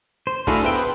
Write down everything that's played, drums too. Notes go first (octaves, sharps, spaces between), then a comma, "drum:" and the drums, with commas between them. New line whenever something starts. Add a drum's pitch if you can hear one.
C5
A3 D4 E4 F#4 G#4 F5, drum: kick, open hi-hat
B3 C5 E5 G5 E6
B4